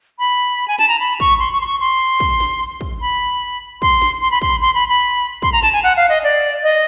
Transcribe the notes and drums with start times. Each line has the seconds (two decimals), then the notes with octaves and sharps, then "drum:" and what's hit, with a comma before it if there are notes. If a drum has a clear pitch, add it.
0.19 B5
0.68 G#5
0.78 A5, drum: snare
0.88 A#5
1.00 B5
1.20 C#6, drum: kick
1.40 C6
1.53 C#6
1.61 C6
1.66 C#6
1.80 C6
2.20 drum: kick
2.40 drum: snare
2.81 drum: kick
3.01 B5
3.82 C6, drum: kick
4.02 drum: snare
4.21 C6
4.31 B5
4.42 C6, drum: kick
4.62 C6
4.75 B5
4.89 B5
5.42 C6, drum: kick
5.53 A#5
5.62 A5, drum: snare
5.73 G#5
5.83 F#5
5.97 F5
6.09 D#5
6.24 D5
6.63 D#5